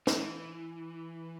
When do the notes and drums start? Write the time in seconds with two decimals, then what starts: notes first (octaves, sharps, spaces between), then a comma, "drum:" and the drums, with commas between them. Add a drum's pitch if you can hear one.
0.07 E3, drum: snare